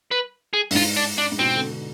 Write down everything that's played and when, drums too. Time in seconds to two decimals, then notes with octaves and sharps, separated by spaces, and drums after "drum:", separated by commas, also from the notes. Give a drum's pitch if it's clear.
0.11 B4
0.53 G#4
0.71 G2, drum: open hi-hat
0.75 G#2 F4
0.97 D4
1.18 D4
1.32 G#2
1.39 B2 C4
1.55 D3
1.71 D3